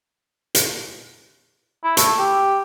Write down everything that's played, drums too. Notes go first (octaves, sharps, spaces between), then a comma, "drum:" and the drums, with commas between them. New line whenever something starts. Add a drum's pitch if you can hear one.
drum: hi-hat
E4
A3, drum: hi-hat
G4